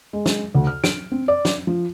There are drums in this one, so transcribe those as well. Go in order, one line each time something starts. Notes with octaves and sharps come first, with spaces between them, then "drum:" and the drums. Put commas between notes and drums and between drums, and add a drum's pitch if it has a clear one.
G#3
drum: snare
D2
F6
D7, drum: snare
C4
D5
drum: snare
F3